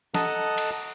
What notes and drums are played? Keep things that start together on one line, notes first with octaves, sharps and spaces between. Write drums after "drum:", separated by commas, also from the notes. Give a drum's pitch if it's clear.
A4 D#5 F#5 A5 A#5 D#6, drum: snare
drum: cymbal